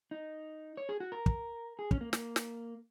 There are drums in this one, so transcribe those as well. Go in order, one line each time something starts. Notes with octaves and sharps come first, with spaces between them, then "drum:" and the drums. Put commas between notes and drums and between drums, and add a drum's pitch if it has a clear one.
D#4
C#5
G#4
F#4
A#4
drum: kick
G#4
C#4, drum: kick
A#3
A#3, drum: snare
drum: snare